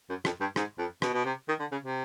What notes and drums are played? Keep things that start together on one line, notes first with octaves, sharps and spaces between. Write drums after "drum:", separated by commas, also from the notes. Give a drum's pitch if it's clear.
F#2
F2, drum: rim click
G2
G#2, drum: rim click
F2
B2, drum: rim click
B2
C3
D#3
D3
C#3
C3